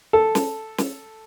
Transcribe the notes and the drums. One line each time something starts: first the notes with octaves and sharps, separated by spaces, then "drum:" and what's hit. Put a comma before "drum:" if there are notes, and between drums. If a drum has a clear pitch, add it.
A4
drum: snare
drum: snare